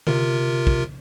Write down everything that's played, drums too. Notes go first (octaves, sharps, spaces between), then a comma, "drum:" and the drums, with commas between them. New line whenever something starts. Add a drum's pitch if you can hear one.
C3 F4 A#4, drum: tom D3
drum: kick